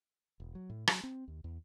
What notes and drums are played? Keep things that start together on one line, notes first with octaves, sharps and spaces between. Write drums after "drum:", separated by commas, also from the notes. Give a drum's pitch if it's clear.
E1
F#3
A2
F#3, drum: rim click
C4
D#2
E2